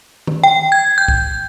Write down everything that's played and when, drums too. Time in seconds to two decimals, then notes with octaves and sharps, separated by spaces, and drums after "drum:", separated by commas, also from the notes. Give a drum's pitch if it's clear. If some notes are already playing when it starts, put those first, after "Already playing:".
0.27 drum: tom D#3
0.44 G5
0.72 G#6
0.98 G6
1.08 drum: kick C2